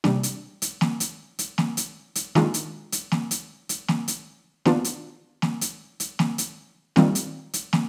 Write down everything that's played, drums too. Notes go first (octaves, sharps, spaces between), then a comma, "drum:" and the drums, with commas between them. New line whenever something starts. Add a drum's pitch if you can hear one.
C3 G3 D4, drum: snare
drum: hi-hat
drum: hi-hat
drum: snare
drum: hi-hat
drum: hi-hat
drum: snare
drum: hi-hat
drum: hi-hat
D#3 G#3 D4 F4, drum: snare
drum: hi-hat
drum: hi-hat
drum: snare
drum: hi-hat
drum: hi-hat
drum: snare
drum: hi-hat
D#3 B3 D4 F4, drum: snare
drum: hi-hat
drum: snare
drum: hi-hat
drum: hi-hat
drum: snare
drum: hi-hat
D#3 G3 C4 F4, drum: snare
drum: hi-hat
drum: hi-hat
drum: snare